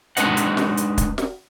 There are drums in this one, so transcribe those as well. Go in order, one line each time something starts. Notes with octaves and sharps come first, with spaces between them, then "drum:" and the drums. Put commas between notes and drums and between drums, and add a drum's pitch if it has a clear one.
G#3 D4 D#4 B4 D#5 F#5, drum: hi-hat
drum: hi-hat
drum: snare
drum: hi-hat
drum: kick, hi-hat
drum: snare